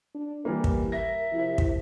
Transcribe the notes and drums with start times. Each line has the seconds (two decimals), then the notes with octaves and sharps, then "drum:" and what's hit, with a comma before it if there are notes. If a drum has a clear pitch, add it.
0.15 D4
0.45 E3 G3 A#3 A#4
0.64 drum: kick
0.92 E5 A#6
1.33 C3 F3 E4
1.58 drum: kick